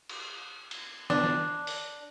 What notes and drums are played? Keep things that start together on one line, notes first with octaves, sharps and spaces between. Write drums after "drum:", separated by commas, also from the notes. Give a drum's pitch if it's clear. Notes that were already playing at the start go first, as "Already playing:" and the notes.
drum: cymbal
drum: cymbal
D4, drum: snare
drum: snare
drum: open hi-hat